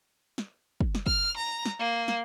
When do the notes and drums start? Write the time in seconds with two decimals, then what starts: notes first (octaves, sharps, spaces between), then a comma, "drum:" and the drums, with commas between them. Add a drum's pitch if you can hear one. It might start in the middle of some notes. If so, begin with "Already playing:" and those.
0.38 drum: snare
0.81 drum: kick
0.95 drum: snare
1.06 F6, drum: kick
1.37 A#5
1.66 drum: snare
1.80 A#3
2.08 drum: snare